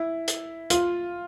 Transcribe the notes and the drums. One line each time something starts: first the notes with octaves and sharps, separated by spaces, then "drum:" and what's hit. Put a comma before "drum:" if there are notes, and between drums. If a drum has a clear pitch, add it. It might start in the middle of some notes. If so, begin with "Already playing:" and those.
Already playing: E4
drum: hi-hat
F4, drum: hi-hat